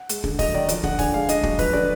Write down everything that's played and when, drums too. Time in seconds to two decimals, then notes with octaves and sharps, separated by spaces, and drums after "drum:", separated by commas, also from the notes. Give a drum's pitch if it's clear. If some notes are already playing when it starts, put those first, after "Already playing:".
Already playing: F#5
0.09 G#3, drum: hi-hat
0.24 D3, drum: kick
0.39 F#3 D#5, drum: kick, open hi-hat
0.54 D#3 D5
0.69 F3 D5, drum: hi-hat
0.83 D3 F#5, drum: kick
0.99 D4 G#5, drum: kick, open hi-hat
1.14 G#3 F5
1.29 D4 D#5, drum: hi-hat
1.43 F#3, drum: kick
1.59 F3 B4, drum: kick, open hi-hat
1.73 D3 D5